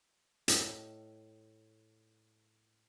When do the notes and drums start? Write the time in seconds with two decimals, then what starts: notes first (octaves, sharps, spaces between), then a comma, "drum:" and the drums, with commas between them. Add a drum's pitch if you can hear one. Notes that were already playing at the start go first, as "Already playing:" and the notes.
0.48 A2 D#5 G5, drum: hi-hat